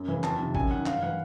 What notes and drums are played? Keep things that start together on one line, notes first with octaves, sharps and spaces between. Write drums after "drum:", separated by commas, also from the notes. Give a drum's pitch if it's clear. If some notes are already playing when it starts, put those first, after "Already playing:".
Already playing: F#2
C#3 E3
F2 A5, drum: clap
C3 D#3
F#2 G#5, drum: kick
D#3 F#5
G2 F5, drum: clap
E3 F#5